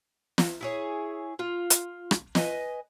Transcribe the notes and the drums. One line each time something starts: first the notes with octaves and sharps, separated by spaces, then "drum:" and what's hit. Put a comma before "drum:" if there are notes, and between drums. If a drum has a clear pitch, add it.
drum: snare
E4 G#4 C#5
F4
drum: hi-hat
drum: rim click
B4 D#5 G#5, drum: snare